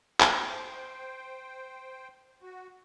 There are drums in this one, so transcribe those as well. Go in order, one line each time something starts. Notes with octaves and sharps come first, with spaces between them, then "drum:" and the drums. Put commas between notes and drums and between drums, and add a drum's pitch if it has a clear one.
C5 G5, drum: clap
F#4